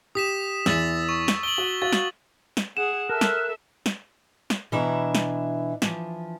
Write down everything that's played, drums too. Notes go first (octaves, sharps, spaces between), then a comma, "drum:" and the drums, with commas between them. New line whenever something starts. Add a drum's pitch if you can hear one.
G4 D#6 B6 E7
E2 E3 E6 A6 B6, drum: snare
C#6
drum: snare
D7 F#7 G7
F#4
F#4 F5 A6
drum: snare
drum: snare
G#4 F#5 E7
A4 A#4 E5 A5 F6 F#6
drum: snare
drum: snare
drum: snare
B2 E3 D4 E4 E5 A#5
drum: snare
E3 F3, drum: snare